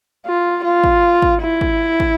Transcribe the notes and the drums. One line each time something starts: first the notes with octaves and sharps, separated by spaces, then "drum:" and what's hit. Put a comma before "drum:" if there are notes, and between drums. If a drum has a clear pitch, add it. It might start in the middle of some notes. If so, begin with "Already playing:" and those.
F4
F4
drum: kick
drum: kick
E4
drum: kick
drum: kick